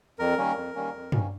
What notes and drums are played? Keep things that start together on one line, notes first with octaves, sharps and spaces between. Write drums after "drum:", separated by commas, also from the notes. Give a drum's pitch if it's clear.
F2 A#4
D#3 G3 A#3 C#4
F2
D#3 G3 A#3 C#4
F2
D#3 G3 A#3 C#4, drum: tom G2